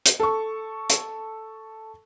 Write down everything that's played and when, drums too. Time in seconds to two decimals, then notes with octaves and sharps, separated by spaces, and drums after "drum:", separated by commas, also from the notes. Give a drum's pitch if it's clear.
0.06 drum: hi-hat
0.20 A4 C#6
0.90 drum: hi-hat